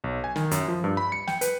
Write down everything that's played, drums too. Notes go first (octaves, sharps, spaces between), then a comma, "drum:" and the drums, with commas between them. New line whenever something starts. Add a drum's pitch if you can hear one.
B1
G#5
D#3, drum: snare
F#2, drum: hi-hat
F3
G2
B5
C#7
G5, drum: snare
B4, drum: hi-hat